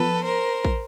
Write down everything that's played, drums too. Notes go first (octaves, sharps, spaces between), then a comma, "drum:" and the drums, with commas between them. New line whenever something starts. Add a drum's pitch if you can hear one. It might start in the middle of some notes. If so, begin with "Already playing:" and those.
Already playing: F3 B3 A4 B4
A#4 C5
drum: kick